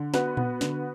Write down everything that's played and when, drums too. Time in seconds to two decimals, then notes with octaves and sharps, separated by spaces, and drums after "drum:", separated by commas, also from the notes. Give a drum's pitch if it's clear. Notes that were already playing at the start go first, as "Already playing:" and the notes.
Already playing: D3
0.14 B3 F#4 B4, drum: snare
0.37 B3, drum: tom A#2
0.61 D3, drum: snare